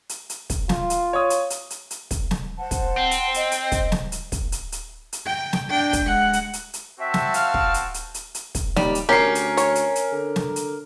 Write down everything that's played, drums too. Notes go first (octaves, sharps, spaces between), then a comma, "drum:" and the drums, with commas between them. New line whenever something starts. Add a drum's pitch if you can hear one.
drum: hi-hat
drum: hi-hat
drum: kick, hi-hat
F4, drum: snare
drum: hi-hat
C#5 D#6
drum: hi-hat
drum: hi-hat
drum: hi-hat
drum: hi-hat
drum: kick, hi-hat
drum: snare
C5 F#5 A5
drum: kick, hi-hat
C4
drum: hi-hat
C5 D#5, drum: hi-hat
drum: hi-hat
drum: kick, hi-hat
drum: snare
drum: hi-hat
drum: kick, hi-hat
drum: hi-hat
drum: hi-hat
drum: hi-hat
G5
drum: snare
D4 G5
drum: kick, hi-hat
G#3 F#5
drum: hi-hat
drum: hi-hat
drum: hi-hat
C4 F#4 E5 A5
drum: snare
F5 F6, drum: hi-hat
drum: kick
drum: hi-hat
drum: hi-hat
drum: hi-hat
drum: hi-hat
drum: kick, hi-hat
D#2 G3, drum: snare
drum: hi-hat
D2 C#4 G4 A#4 C7
drum: hi-hat
C#5, drum: hi-hat
drum: hi-hat
drum: hi-hat
D3
drum: snare
drum: hi-hat